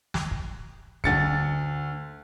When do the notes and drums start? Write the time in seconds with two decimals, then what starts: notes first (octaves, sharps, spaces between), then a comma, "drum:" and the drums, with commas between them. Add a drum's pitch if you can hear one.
0.14 drum: snare
0.31 drum: kick
1.04 D2 A6 C#7, drum: kick